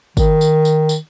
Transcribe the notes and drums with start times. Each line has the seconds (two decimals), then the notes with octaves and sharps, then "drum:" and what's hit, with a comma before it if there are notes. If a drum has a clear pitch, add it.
0.17 D#3, drum: kick G#1, tambourine
0.41 drum: tambourine
0.65 drum: tambourine
0.89 drum: tambourine